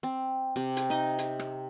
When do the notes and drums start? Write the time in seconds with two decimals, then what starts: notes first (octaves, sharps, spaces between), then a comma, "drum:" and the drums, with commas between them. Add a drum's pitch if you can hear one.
0.03 C4
0.56 C3
0.77 drum: hi-hat
0.90 D#4 D#5
1.19 drum: hi-hat
1.39 drum: rim click